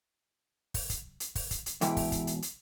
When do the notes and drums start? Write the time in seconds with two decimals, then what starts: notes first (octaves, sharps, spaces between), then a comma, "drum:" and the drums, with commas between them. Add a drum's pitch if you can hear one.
0.74 drum: kick, open hi-hat
0.90 drum: kick, hi-hat
1.20 drum: hi-hat
1.35 drum: kick, open hi-hat
1.51 drum: kick, hi-hat
1.66 drum: hi-hat
1.81 E2 G#2 B2 E4 G5, drum: hi-hat
1.97 drum: kick, open hi-hat
2.12 drum: kick, hi-hat
2.27 drum: hi-hat
2.42 drum: hi-hat